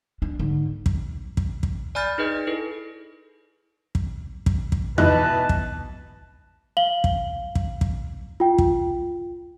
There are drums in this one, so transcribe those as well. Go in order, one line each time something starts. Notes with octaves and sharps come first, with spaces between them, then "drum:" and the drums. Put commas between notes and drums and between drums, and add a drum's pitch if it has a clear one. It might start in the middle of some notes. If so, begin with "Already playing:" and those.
D4
G#2 D3
drum: kick
drum: kick
drum: kick
D5 G#5 B5 F6 G6 A6
D#4 G#4 B4 D#5
E4 A4 B4
drum: kick
drum: kick
drum: kick
B2 E3 D#4 B4 A5 F#6, drum: tom E2
drum: kick
F5 F#7 G7
drum: kick
drum: kick
drum: kick
F4 G5
drum: kick